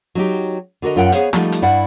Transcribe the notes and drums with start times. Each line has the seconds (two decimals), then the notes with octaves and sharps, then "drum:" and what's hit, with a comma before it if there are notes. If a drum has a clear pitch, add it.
0.15 F#3 D#4 G4
0.82 D3 F#4 A#4 D#5
0.96 F#2 F4 A#4 F#5 G5
1.12 B3 G#4 C5 C#5 F5, drum: hi-hat
1.33 F3 G3 A3 D#4, drum: snare
1.52 drum: hi-hat
1.62 G2 E4 D5 F#5